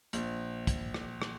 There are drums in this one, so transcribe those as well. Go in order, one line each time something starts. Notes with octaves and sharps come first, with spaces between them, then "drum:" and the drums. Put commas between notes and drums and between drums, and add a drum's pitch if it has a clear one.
A#1, drum: hi-hat
drum: kick, hi-hat
drum: rim click
drum: rim click